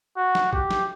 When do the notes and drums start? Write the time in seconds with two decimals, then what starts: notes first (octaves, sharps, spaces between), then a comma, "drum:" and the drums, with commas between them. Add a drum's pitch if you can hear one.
0.17 F#4
0.35 drum: snare
0.53 G4, drum: kick A1
0.71 drum: snare